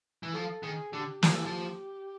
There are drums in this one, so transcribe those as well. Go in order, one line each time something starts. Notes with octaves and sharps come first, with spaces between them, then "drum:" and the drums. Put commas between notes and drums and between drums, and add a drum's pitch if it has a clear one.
E3
F3 A4
D#3 G#4
D3 G4
F3, drum: snare
E3
F3